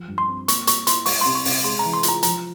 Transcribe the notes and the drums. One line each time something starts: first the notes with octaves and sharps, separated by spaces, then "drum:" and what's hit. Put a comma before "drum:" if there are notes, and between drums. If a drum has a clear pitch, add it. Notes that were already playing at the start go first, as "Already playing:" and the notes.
Already playing: F3
G2
C6
C4
A#3 C#6, drum: hi-hat
G3 C#6, drum: hi-hat
E4 C6, drum: hi-hat
G3 C#6, drum: open hi-hat
C3 C6
C#6
C3, drum: open hi-hat
G#3 C6
A#5
E3
C6
F4, drum: hi-hat
A#5
F3 A#5, drum: hi-hat